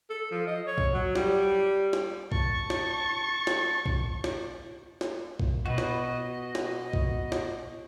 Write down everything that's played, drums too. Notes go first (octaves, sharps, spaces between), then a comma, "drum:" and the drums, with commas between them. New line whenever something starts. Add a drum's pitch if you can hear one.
A4
F3
D#5
C#5
drum: kick B1
F#3
G3, drum: snare
drum: snare
A5 C#6, drum: kick B1
drum: snare
drum: snare
drum: kick B1
drum: snare
drum: snare
drum: kick B1
B2 F#4 B4 D#5
drum: snare
drum: snare
drum: kick B1
drum: snare